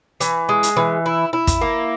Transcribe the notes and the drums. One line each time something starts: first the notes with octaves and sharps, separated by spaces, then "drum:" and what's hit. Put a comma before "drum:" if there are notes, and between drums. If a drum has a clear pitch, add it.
E3, drum: hi-hat
G#3
drum: hi-hat
E3
E4
E4
drum: kick, hi-hat
A#3